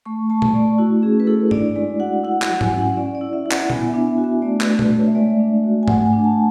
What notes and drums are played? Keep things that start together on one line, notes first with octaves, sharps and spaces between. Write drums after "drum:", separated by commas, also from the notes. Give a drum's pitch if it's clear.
A3 C#6
A3 A5
drum: tom A#2
A3 D5
E4 F#4
C#4 G#4
B4
E4 A4
D4 D5, drum: tom G2
G#3 D5
F#4 F#5
E4 F#5
F#5, drum: clap
F#3
G#5, drum: tom G#2
C#4
F#5
C#4 D5
D5
E4
E5
E4
F#5, drum: clap
B3 G#5, drum: tom A#2
E5
D4
F#4
E5
A3 D5
B4, drum: clap
A3
B4, drum: tom A#2
A3
C#5
E5
G#3 D5
D4
F#4
G#5
A3 F#5, drum: tom G#2
G#5
D4
A5